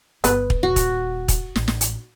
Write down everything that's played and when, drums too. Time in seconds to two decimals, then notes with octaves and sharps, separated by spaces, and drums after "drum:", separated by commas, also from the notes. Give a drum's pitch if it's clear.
0.24 G1 B3 B4, drum: hi-hat
0.50 drum: kick
0.63 D#1 F#4
0.76 drum: kick, hi-hat
1.28 drum: kick, hi-hat
1.56 A1, drum: snare
1.68 drum: snare
1.81 drum: hi-hat